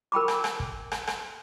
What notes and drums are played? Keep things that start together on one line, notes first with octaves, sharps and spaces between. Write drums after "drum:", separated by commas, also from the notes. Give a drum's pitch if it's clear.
A#4 G5 B5 D6
drum: rim click
drum: rim click
drum: kick
drum: rim click
drum: rim click